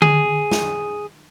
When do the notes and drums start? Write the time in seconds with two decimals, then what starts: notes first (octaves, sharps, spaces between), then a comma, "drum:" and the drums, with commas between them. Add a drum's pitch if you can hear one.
0.02 G#4, drum: tom D3
0.51 drum: snare